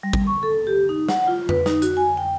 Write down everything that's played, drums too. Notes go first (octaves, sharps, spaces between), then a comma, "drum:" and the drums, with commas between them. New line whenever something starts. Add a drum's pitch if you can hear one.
G3
drum: kick
C#6
A4
G4
D#4
F#5, drum: snare
F4
B4, drum: tom F2
D#4, drum: snare
F#4, drum: hi-hat
G#5
G5